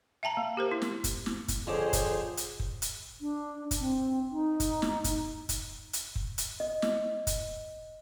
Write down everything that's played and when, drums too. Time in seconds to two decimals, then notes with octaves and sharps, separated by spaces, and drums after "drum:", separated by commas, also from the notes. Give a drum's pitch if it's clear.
0.23 E5 G5 A5 A#5
0.37 A#3
0.57 G4 A#4 C5
0.71 E4
0.82 drum: snare
1.04 drum: kick, hi-hat
1.26 drum: snare
1.48 drum: kick, hi-hat
1.67 F2 D3 F4 G#4 C5 C#5 D6
1.93 drum: kick, hi-hat
2.37 drum: hi-hat
2.60 drum: kick
2.82 drum: hi-hat
3.21 D4
3.71 drum: kick, hi-hat
3.80 C4
4.31 D#4
4.60 drum: kick, hi-hat
4.82 drum: snare
5.04 drum: kick, hi-hat
5.49 drum: kick, hi-hat
5.93 drum: hi-hat
6.16 drum: kick
6.38 drum: hi-hat
6.60 D#5
6.82 drum: snare
7.27 drum: kick, hi-hat